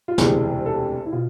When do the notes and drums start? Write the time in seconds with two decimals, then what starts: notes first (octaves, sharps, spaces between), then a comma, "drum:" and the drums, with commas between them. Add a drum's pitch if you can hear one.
0.08 F4
0.18 E1 D2 C3 E3 G#4, drum: snare
0.66 A4
1.06 E4
1.12 B2 F4